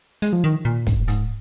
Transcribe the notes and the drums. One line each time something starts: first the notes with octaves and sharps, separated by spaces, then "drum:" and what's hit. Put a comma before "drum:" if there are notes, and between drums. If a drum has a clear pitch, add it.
G#3, drum: hi-hat
F3
D#3
A#2
G#2, drum: kick, hi-hat
G#2, drum: hi-hat